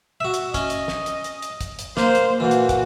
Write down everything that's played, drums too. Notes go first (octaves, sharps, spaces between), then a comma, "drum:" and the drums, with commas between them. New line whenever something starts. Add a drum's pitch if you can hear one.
F#4 E5
drum: hi-hat
C#4 D#5, drum: kick, hi-hat
drum: hi-hat
drum: snare
drum: hi-hat
drum: hi-hat
drum: hi-hat
drum: kick, hi-hat
drum: hi-hat
A#3 C5, drum: snare
drum: hi-hat
A#2 E3 F#4
drum: hi-hat
drum: kick, hi-hat